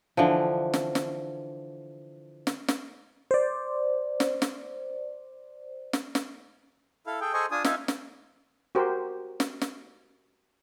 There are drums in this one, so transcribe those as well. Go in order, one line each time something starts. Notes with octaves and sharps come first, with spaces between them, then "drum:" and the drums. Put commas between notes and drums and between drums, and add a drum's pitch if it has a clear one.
D3 E3 F3
drum: snare
drum: snare
drum: snare
drum: snare
C5 D5
drum: snare
drum: snare
drum: snare
drum: snare
E4 A4 F5
G#4 A4 G5
G#4 A4 C5 D#5 G#5 C#6
D4 F4 G#5 D#6
D#4 F4 E5 F5 G#5, drum: snare
drum: snare
F#4 G4 A#4 C5
drum: snare
drum: snare